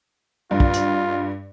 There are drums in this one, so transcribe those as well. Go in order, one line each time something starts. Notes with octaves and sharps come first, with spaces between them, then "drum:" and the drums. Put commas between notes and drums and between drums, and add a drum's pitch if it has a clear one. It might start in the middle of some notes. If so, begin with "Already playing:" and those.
G2 F4
drum: kick
drum: hi-hat